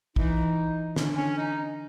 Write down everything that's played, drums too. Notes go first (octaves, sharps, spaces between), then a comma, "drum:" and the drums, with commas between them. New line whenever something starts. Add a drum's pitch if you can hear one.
E3 D#4, drum: kick
D3 C#4, drum: snare
C#4
D#4